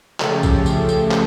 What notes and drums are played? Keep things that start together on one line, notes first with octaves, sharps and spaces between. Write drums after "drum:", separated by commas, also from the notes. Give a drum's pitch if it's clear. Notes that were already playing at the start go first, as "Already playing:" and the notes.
C#3 F3 A3 G4 A4, drum: clap
drum: kick B1, tambourine
drum: tambourine
drum: tambourine
drum: clap